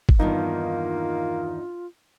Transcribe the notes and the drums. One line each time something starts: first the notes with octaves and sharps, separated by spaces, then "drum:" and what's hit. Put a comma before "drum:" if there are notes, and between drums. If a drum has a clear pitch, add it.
drum: kick
E2 G2 D#3 A#3 D#4 F4